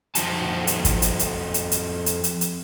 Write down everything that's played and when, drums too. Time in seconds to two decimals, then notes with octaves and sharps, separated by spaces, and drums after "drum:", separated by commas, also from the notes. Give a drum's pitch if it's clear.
0.15 F2 F3 D#4 F#4 A5, drum: hi-hat
0.67 drum: hi-hat
0.85 drum: kick, hi-hat
1.02 drum: hi-hat
1.19 drum: hi-hat
1.54 drum: hi-hat
1.71 drum: hi-hat
2.06 drum: hi-hat
2.24 drum: hi-hat
2.41 drum: hi-hat